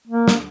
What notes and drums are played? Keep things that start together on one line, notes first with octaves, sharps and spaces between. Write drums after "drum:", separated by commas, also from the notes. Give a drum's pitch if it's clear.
A#3
drum: snare